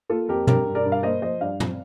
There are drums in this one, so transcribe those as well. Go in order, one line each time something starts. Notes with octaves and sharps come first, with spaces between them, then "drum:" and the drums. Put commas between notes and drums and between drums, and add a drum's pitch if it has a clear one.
A#3 F4 A4
F2 G4 A#4
G2 G4 A#4, drum: tom B2
G2
A#4 D5
G2
F5
A#3 C5 D#5
F3 C5 D#5
G2 D5 F5
C4, drum: tom